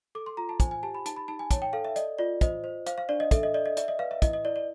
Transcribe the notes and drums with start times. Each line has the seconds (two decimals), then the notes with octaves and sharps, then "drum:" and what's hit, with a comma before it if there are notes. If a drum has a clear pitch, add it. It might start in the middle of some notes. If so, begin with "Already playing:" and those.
0.15 A4 D6
0.26 C6
0.37 F4 A#5
0.49 A5
0.60 C5 G#5, drum: kick, hi-hat
0.71 G#5
0.83 G4 A5
0.95 B5
1.06 D#4 A5, drum: hi-hat
1.16 B5
1.28 D#4 A5
1.39 G#5
1.51 C#5 A5, drum: kick, hi-hat
1.62 G5
1.73 A4 F5
1.85 E5
1.96 D5 D#5, drum: hi-hat
2.18 F4 D5
2.41 C5 D#5, drum: kick, hi-hat
2.64 C5
2.86 C5 F5, drum: hi-hat
2.98 F5
3.09 D4 D5
3.20 D#5
3.31 A4 E5, drum: kick, hi-hat
3.43 D#5
3.54 D5 D#5
3.66 D#5
3.77 D5 E5, drum: hi-hat
3.88 D#5
3.99 B4 F5
4.11 E5
4.22 E4 D#5, drum: kick, hi-hat
4.33 D#5
4.45 E4 D5
4.56 D5